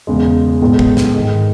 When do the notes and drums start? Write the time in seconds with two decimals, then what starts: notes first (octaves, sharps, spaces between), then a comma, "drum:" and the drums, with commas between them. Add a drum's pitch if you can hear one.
0.07 E1 E2 C#3 G#3
0.61 B1 A2 G#3 B3
0.79 drum: kick
0.97 drum: snare
1.15 G#2 D#3 G#3 D#4